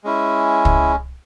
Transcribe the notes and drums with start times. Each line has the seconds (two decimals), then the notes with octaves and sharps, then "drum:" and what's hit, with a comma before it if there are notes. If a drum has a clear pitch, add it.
0.04 G#3 C#4 E4
0.65 drum: kick